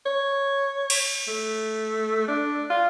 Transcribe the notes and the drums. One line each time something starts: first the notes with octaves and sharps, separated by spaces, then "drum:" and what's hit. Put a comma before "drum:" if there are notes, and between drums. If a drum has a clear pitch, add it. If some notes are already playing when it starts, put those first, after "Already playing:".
C#5
drum: cymbal
A3
D4
F4